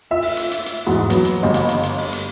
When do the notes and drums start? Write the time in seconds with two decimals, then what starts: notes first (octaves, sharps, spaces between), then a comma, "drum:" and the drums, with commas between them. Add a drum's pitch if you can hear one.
0.11 F4 E5
0.22 drum: open hi-hat
0.37 drum: hi-hat
0.51 drum: hi-hat
0.66 drum: hi-hat
0.86 E2 G#2 F#4
1.10 F#3 B3, drum: hi-hat
1.24 drum: hi-hat
1.43 G1 G3 D#5
1.54 drum: hi-hat
1.68 drum: hi-hat
1.83 drum: hi-hat
1.98 drum: open hi-hat
2.12 drum: hi-hat